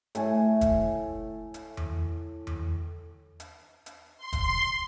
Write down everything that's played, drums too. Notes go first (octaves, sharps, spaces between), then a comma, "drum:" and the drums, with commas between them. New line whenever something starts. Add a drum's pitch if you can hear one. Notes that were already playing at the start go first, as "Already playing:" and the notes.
A2 A4 G#5, drum: hi-hat
drum: kick, hi-hat
drum: hi-hat
drum: tom E2
drum: tom E2
drum: hi-hat
drum: hi-hat
C6
drum: kick, hi-hat